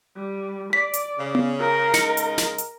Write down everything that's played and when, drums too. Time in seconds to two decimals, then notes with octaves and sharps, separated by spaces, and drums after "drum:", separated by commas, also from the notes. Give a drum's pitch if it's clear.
0.16 G3
0.73 D5 B6
0.94 drum: hi-hat
1.19 C#3
1.35 drum: tom B3
1.59 A#4
1.94 C#3 G#3 D#4 C#7, drum: snare
2.17 drum: hi-hat
2.38 drum: snare
2.58 drum: hi-hat